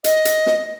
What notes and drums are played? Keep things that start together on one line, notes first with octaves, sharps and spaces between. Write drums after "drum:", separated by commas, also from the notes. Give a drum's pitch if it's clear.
D#5, drum: hi-hat
drum: hi-hat
drum: snare